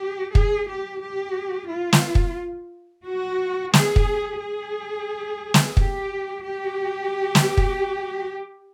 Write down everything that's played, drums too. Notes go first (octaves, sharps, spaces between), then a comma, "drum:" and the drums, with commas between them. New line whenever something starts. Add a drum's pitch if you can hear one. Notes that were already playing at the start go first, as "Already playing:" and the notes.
Already playing: G4
G#4, drum: kick
G4
G4
F4
drum: snare
drum: kick
F#4
G#4, drum: snare
drum: kick
G#4
drum: snare
G4, drum: kick
G4
drum: snare
drum: kick